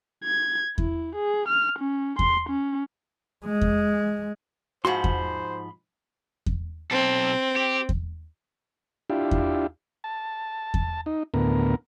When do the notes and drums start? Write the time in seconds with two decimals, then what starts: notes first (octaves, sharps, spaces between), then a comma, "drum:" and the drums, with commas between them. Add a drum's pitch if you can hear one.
0.24 G#6
0.78 E4, drum: kick E2
1.15 G#4
1.48 F6
1.79 C#4
2.19 C6, drum: kick E2
2.50 C#4
3.45 G#3
3.61 drum: kick E2
4.85 G#2 F3 F#4 C5 B5 C6
5.04 drum: kick E2
6.46 drum: kick E2
6.91 B1 C4 A4
7.56 G4
7.89 drum: kick E2
9.10 D4 E4 F4 G4
9.31 drum: kick E2
10.04 A5
10.74 drum: kick E2
11.06 D#4
11.34 D2 A2 B3 A#4